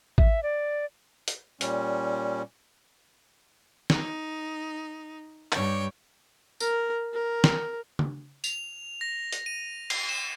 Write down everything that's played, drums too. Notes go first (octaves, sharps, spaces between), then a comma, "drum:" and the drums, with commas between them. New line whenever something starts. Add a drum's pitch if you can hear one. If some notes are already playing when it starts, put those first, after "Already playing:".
E5, drum: kick
D5
drum: hi-hat
A#2 G3 C#4, drum: hi-hat
D#4, drum: snare
G2 C#5 G5, drum: clap
A#4, drum: tambourine
A#4
drum: snare
drum: tom C#3
F7, drum: tambourine
A#6
drum: hi-hat
D#7
C7, drum: cymbal
E7